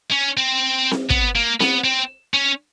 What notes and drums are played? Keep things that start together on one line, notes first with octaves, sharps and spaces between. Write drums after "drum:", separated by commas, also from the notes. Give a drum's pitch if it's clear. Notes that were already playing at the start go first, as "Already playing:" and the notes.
C#4
C4
drum: snare C4
B3, drum: kick
A#3
B3, drum: snare C4
C4
C#4